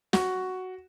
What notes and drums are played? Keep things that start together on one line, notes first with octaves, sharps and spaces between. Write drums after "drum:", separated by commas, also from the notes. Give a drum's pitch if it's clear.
F#4, drum: snare